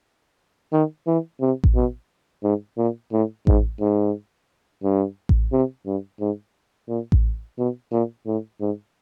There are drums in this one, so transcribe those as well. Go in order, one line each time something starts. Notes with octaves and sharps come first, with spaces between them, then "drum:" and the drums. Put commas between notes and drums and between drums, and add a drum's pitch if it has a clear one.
D#3
E3
C3
drum: kick A1
B2
G#2
A#2
A2
G#2, drum: kick A1
G#2
G2
drum: kick A1
C3
G2
G#2
A#2
drum: kick A1
B2
A#2
A2
G#2